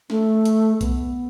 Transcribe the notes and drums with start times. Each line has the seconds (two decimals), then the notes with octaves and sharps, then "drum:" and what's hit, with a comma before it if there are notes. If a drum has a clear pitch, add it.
0.10 A3, drum: snare
0.45 drum: hi-hat
0.81 B3, drum: kick B1, hi-hat